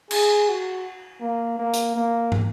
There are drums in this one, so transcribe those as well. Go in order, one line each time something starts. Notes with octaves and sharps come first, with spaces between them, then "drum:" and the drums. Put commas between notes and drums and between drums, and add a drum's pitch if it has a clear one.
G#4, drum: cymbal
F#4
A#3
A#3
drum: hi-hat
A#3
drum: tom